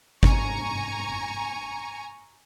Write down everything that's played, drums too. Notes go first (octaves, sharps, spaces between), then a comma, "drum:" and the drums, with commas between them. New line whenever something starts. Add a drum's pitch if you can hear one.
G#5 A#5 C#6, drum: kick G1